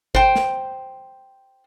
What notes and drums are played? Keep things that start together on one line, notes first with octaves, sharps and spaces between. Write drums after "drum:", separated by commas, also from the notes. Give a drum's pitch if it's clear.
C5 G5, drum: kick G1
drum: snare